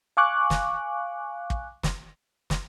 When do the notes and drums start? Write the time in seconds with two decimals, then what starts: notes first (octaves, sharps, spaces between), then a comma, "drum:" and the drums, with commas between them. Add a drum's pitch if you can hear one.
0.17 F5 G#5 C#6 D6 F#6
0.50 drum: snare
1.50 drum: kick
1.83 drum: snare
2.50 drum: snare